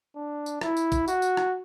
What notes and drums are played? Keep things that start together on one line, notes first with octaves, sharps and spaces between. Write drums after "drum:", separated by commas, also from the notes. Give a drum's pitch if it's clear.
D4
drum: tambourine
E4, drum: rim click
drum: tambourine
drum: kick A1, tambourine
F#4, drum: tambourine
drum: tambourine
drum: rim click